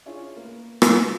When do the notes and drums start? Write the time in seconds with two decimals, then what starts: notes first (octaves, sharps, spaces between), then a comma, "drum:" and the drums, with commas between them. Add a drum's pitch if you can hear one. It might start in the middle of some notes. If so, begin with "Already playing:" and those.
0.06 C#4 D4 E4 F4 G#4 C#5
0.36 A#3 B3
0.82 E4, drum: rim click